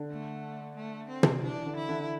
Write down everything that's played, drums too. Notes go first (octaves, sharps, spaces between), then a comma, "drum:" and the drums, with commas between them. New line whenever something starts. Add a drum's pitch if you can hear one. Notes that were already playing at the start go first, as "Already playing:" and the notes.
Already playing: D3
A3
A3
C4
drum: tom
E3 D4
D3
E4
D3